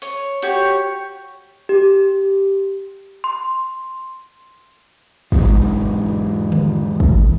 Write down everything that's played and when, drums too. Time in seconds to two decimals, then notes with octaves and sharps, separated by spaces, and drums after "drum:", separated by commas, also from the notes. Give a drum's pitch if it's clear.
0.02 C#5, drum: open hi-hat
0.43 F#4 G4 C#5, drum: hi-hat
1.69 G4
3.24 C6
5.32 E2 G#2, drum: kick
6.52 drum: tom D3
7.00 drum: kick